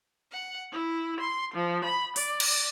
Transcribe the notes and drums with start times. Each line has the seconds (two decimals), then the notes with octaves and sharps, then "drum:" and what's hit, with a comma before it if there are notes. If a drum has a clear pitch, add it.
0.32 F#5
0.72 E4
1.20 C6
1.54 F3
1.84 B5
2.16 D5, drum: open hi-hat
2.40 drum: cymbal